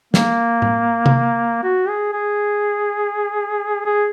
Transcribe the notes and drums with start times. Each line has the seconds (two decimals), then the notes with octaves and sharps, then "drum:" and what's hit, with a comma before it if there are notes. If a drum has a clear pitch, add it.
0.14 A#3, drum: snare
0.62 drum: tom A2
1.06 drum: tom C3
1.63 F#4
1.88 G#4
2.13 G#4
3.85 G#4